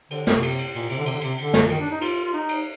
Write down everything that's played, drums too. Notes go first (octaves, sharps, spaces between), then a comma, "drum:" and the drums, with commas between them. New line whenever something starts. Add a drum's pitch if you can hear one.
D3, drum: cymbal
C3, drum: snare
drum: cymbal
drum: cymbal
A#2, drum: cymbal
C3, drum: cymbal
D3
C3, drum: cymbal
D3
C3, drum: cymbal
D3, drum: cymbal
drum: snare
D#3, drum: cymbal
D4
D#4
F4, drum: cymbal
F4
D#4
drum: cymbal